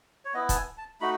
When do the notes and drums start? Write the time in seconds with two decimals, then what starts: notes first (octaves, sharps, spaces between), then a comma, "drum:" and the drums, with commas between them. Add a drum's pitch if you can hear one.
0.25 C#5
0.34 B3 E4 D#5
0.49 A5, drum: kick, hi-hat
0.56 G#5
0.78 A5
1.01 A3 D#4 F#4 B5